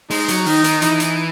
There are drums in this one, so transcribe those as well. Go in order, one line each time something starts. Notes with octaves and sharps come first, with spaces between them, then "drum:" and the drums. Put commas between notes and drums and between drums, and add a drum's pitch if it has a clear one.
G#3 D#4, drum: open hi-hat
F#3, drum: hi-hat
D#3 D#4, drum: open hi-hat
D#3, drum: hi-hat
E3, drum: hi-hat
drum: hi-hat